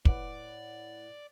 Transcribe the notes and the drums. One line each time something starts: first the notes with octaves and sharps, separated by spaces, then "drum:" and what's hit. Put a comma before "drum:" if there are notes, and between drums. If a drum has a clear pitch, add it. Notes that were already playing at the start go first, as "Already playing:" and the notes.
A2 B4 D5 F#5, drum: kick